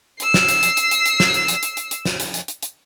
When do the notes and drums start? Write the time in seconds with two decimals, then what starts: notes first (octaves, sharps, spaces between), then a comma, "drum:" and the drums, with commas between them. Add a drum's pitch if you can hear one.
0.20 E6 C7, drum: hi-hat
0.34 drum: snare
0.49 drum: hi-hat
0.63 drum: hi-hat
0.77 drum: hi-hat
0.91 drum: hi-hat
1.06 drum: hi-hat
1.20 drum: snare
1.34 drum: hi-hat
1.48 drum: hi-hat
1.63 drum: hi-hat
1.77 drum: hi-hat
1.91 drum: hi-hat
2.05 drum: snare
2.20 drum: hi-hat
2.34 drum: hi-hat
2.48 drum: hi-hat
2.63 drum: hi-hat